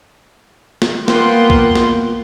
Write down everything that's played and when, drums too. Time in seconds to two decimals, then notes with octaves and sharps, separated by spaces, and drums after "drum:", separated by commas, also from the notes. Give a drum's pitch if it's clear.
0.82 drum: snare
1.08 A#3 B3 F4 F#5 G5 C6, drum: snare
1.50 drum: kick
1.75 drum: snare